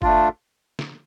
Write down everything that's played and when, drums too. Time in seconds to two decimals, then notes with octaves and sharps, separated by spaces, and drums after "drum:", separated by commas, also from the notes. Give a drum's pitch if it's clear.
0.02 A3 D4 F4, drum: kick F#1
0.79 drum: snare